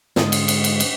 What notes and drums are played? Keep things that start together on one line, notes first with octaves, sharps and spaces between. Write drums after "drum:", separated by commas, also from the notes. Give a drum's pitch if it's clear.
G#2 D3 G#3 F4 D#5, drum: snare
drum: cymbal
drum: cymbal
drum: cymbal
drum: cymbal